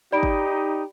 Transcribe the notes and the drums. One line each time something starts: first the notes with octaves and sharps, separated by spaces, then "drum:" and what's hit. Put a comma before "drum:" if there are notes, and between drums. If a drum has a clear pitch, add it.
D#4 G4 D5 B5 D7
drum: kick G1